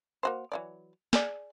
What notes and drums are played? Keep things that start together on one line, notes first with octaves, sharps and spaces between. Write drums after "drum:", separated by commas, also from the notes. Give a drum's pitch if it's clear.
A#3 F#4 C5
E3 F#3 D5
G#4 D5, drum: snare